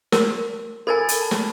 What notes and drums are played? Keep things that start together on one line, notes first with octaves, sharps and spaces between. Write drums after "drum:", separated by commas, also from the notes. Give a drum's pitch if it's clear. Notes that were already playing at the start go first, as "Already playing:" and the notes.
A#4, drum: snare
A4 A#4 G#5 B5 G#6 A6
drum: hi-hat
A5
drum: snare